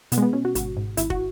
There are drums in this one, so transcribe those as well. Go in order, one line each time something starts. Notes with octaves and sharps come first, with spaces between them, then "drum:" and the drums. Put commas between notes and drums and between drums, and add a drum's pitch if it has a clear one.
B2 B3, drum: hi-hat
G#3
B3
B2 C#4
F#4
G#1 F#4, drum: hi-hat
G#2
G#1 E4, drum: hi-hat
F#4, drum: kick